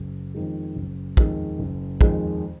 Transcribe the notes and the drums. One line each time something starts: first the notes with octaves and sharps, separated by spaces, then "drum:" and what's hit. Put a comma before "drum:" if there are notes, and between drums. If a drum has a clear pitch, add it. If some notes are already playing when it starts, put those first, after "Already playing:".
Already playing: F#1
F2 D#3 G#3
F#1
F2 D#3 G#3, drum: kick
F#1
F2 D#3 G#3, drum: kick